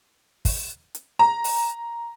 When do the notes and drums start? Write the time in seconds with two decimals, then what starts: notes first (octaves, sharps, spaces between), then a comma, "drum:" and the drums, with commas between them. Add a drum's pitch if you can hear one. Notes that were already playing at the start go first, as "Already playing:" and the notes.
0.45 drum: kick, open hi-hat
0.95 drum: hi-hat
1.19 A#5
1.44 drum: open hi-hat